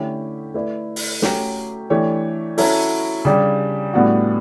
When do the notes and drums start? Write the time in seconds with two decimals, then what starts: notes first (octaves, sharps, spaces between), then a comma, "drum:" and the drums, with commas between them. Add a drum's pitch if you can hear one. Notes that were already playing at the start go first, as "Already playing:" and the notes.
Already playing: D3 A3 C#4 E4 G4
0.54 A3 E4 B4 D5
0.96 drum: open hi-hat
1.22 F#3 A3 C#4 G4, drum: snare
1.90 E3 A3 D4 G4 C#5
2.58 F#3 C#4 E4 A4, drum: open hi-hat
3.25 C#3 G3 D4 G4
3.94 A2 G3 B3 D4 F#4